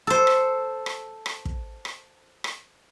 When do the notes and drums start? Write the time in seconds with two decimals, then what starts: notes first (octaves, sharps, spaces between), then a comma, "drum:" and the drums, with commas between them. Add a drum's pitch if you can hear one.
0.07 A4 C5
0.27 drum: rim click
0.86 drum: rim click
1.26 drum: rim click
1.45 drum: kick
1.85 drum: rim click
2.44 drum: rim click